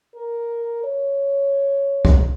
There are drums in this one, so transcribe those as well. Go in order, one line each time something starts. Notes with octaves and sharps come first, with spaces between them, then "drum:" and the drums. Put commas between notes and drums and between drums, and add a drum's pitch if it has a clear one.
A#4
C#5
drum: kick C2